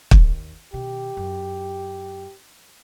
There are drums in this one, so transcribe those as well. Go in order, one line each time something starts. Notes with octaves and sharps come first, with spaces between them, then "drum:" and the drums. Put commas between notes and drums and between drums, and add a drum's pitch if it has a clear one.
D#2, drum: kick
B2 D#3 G4
F#2